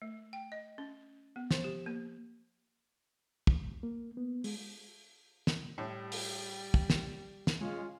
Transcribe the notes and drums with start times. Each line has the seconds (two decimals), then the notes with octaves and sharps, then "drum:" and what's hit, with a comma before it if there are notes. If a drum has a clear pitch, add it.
0.02 A3
0.33 G5
0.52 D#5
0.78 C#4
1.36 B3
1.51 F3, drum: snare
1.64 G4
1.86 A#3
3.47 drum: kick
3.83 A#3
4.17 B3
4.44 G#3, drum: open hi-hat
5.47 drum: snare
5.78 A2 G3
6.12 drum: open hi-hat
6.74 drum: kick
6.90 drum: snare
7.47 drum: snare
7.61 G#3 C#4 F4